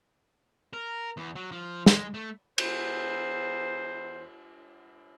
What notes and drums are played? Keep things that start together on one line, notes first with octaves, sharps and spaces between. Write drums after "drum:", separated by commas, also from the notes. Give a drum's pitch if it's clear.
A#4
E2
F#3
F3
G#3, drum: snare
A3
E2 C5, drum: cymbal